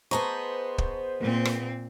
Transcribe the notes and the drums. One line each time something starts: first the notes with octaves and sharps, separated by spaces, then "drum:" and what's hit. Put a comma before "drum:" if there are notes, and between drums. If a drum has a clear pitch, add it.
B3 G#4 C5 D#5 A5 A#5 C#6
drum: kick
A#2 A#3 C4
drum: rim click